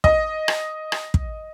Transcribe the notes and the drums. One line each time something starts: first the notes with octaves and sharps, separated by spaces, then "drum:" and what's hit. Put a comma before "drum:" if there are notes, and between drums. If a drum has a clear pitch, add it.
D#5, drum: kick
drum: rim click
drum: rim click
drum: kick